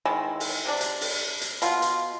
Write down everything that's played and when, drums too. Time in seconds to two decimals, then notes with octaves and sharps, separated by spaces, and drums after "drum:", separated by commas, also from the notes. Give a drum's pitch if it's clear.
0.05 D#3 E3 G#3
0.40 drum: open hi-hat
0.66 C3 D4
0.81 drum: hi-hat
1.01 drum: open hi-hat
1.41 drum: hi-hat
1.62 B2 F4, drum: hi-hat
1.82 drum: hi-hat